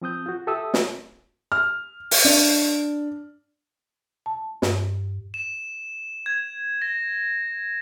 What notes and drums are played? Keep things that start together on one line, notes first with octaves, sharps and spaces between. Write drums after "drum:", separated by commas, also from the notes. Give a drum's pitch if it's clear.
F3 C4 D#6 G6
F4 F#4
G4 A4 E5 D#6 E6
drum: snare
F6
drum: open hi-hat
D4
A5
G2, drum: snare
E7
G#6
A#6